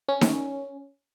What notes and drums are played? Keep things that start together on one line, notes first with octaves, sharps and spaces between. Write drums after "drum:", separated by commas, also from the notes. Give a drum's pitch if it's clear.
C#4
drum: snare D#4